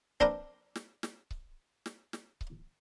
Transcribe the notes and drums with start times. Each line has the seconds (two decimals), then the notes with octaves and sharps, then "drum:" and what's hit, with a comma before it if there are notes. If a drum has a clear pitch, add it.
0.20 C4 D4 A#4 B4 G5, drum: kick C#1
0.76 drum: snare
1.03 drum: snare
1.31 drum: kick C#1
1.86 drum: snare
2.13 drum: snare
2.41 drum: kick C#1